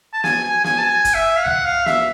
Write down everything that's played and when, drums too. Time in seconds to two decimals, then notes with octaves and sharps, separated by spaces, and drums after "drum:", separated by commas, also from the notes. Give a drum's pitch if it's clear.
0.13 A5
0.24 G#5, drum: snare
0.44 G#5
0.64 G#5, drum: snare
0.78 A5
0.84 G#5
1.05 drum: kick, hi-hat
1.14 E5
1.37 F5
1.45 F#5, drum: tom C#2
1.66 F5
1.86 E5, drum: snare